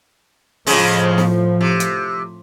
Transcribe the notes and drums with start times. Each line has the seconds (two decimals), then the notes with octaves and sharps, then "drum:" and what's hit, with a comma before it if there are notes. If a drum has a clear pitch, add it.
0.66 F2 A2 C#3 F3 G#3, drum: open hi-hat
1.18 drum: snare
1.61 C3
1.80 drum: hi-hat